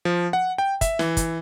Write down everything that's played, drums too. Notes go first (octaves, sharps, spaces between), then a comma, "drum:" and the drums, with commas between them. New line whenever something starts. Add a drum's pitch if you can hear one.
F3
F#5
G5
E5, drum: kick, hi-hat
E3, drum: snare
drum: kick, hi-hat